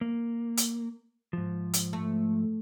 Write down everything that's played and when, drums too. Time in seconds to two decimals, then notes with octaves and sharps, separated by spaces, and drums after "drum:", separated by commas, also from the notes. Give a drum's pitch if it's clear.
0.01 A#3
0.58 drum: hi-hat
1.33 G#2 F3
1.74 drum: hi-hat
1.93 A3